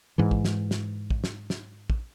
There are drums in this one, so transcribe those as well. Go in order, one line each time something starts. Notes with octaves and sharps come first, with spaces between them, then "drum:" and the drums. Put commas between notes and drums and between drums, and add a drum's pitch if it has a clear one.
G#2 E3
drum: kick
drum: snare
drum: snare
drum: kick
drum: snare
drum: snare
drum: kick